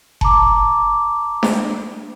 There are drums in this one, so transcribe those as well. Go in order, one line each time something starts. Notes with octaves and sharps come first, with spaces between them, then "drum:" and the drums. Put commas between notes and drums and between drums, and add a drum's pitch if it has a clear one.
A5 A#5 D6, drum: kick F#1
drum: snare D4